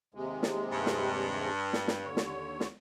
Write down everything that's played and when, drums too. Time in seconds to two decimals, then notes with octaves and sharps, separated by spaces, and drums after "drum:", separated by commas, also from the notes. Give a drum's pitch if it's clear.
0.14 D#2 C3 G#3
0.43 drum: snare
0.72 G2
0.86 drum: snare
1.73 drum: snare
1.88 drum: snare
2.04 D#2 D3 C#5
2.17 drum: snare
2.60 drum: snare